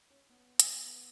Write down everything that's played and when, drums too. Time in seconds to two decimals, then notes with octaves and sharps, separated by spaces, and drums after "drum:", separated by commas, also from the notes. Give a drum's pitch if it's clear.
0.10 C#4
0.29 B3
0.60 drum: hi-hat
0.85 B3